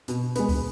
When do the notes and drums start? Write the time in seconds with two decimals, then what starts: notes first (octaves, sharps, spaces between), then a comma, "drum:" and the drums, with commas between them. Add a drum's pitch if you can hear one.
0.08 B2, drum: hi-hat
0.36 G#3 B3, drum: hi-hat
0.49 drum: kick, open hi-hat